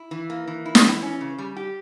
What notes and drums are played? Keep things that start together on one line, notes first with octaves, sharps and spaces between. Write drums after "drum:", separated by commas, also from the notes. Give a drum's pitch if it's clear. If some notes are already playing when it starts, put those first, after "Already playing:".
Already playing: E4
E3
A#3
E3
E4
drum: snare
E3
C#4
C#3
G3
G4